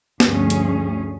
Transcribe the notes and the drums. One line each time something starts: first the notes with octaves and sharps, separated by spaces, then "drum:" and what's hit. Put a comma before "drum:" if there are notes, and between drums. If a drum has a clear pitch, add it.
D2 G2 F3 A3 C#4 G#4, drum: snare
drum: hi-hat